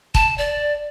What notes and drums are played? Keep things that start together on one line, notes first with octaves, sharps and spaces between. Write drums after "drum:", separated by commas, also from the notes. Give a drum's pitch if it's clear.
A5, drum: kick F1
D5